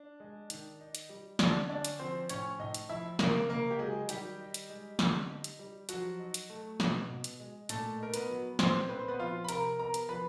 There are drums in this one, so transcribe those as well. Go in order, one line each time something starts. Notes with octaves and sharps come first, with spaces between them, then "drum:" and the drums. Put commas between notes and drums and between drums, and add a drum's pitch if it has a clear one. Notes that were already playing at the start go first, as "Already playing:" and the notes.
Already playing: D4
G#3
D#3, drum: hi-hat
D#4
drum: hi-hat
G3
D3 D4 D5, drum: snare
C#4 D4 D5
drum: hi-hat
F3 C4 C5
A2 C#4 C#5, drum: hi-hat
A2 D#4 D#5
drum: hi-hat
F3 E4 E5
C#3 A#3 A#4, drum: snare
C#3 A#3 A#4
G4
F#3 G#3 G#4
D#3 G3 G4, drum: hi-hat
D#4
drum: hi-hat
G#3
D3, drum: snare
D#4
drum: hi-hat
G3
F3 F#3 F#4, drum: hi-hat
D#4
drum: hi-hat
A3
B2, drum: snare
B2
drum: hi-hat
G#3
A#2 A3 A4, drum: hi-hat
D#4 A#4
B3 B4, drum: hi-hat
F#3
A#2 C4 C5, drum: snare
C4 B4
C5
B3 B4
F3 F4 F5
B5
C3 A#4 A#5, drum: hi-hat
B3 A#4 A#5
drum: hi-hat
F3 B4 B5